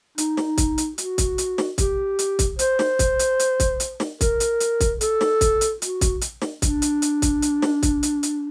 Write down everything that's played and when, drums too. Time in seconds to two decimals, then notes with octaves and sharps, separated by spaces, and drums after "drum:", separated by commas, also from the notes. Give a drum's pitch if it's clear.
0.18 D#4, drum: hi-hat
0.37 drum: snare
0.58 drum: kick, hi-hat
0.78 drum: hi-hat
0.98 F#4, drum: hi-hat
1.18 drum: kick, hi-hat
1.38 drum: hi-hat
1.58 drum: snare
1.78 G4, drum: kick, hi-hat
2.19 drum: hi-hat
2.39 drum: kick, hi-hat
2.59 C5, drum: hi-hat
2.79 drum: snare
2.99 drum: kick, hi-hat
3.19 drum: hi-hat
3.39 drum: hi-hat
3.60 drum: kick, hi-hat
3.80 drum: hi-hat
4.00 drum: snare
4.21 A#4, drum: kick, hi-hat
4.40 drum: hi-hat
4.60 drum: hi-hat
4.80 drum: kick, hi-hat
5.01 A4, drum: hi-hat
5.21 drum: snare
5.41 drum: kick, hi-hat
5.61 drum: hi-hat
5.82 F#4, drum: hi-hat
6.01 drum: kick, hi-hat
6.21 drum: hi-hat
6.42 drum: snare
6.62 D4, drum: kick, hi-hat
6.82 drum: hi-hat
7.02 drum: hi-hat
7.22 drum: kick, hi-hat
7.42 drum: hi-hat
7.62 drum: snare
7.83 drum: kick, hi-hat
8.03 drum: hi-hat
8.23 drum: hi-hat